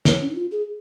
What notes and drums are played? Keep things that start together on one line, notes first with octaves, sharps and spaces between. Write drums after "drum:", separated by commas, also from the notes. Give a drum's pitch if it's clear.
C#5, drum: snare
C#4
D#4
F4
G#4